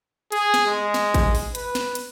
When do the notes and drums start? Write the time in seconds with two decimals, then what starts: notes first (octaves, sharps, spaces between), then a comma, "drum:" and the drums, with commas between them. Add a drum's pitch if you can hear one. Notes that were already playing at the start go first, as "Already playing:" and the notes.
0.32 G#4, drum: hi-hat
0.54 drum: snare
0.67 G#3
0.94 drum: snare
1.14 drum: kick A1, hi-hat
1.35 drum: open hi-hat
1.55 B4, drum: hi-hat
1.75 drum: snare
1.95 drum: hi-hat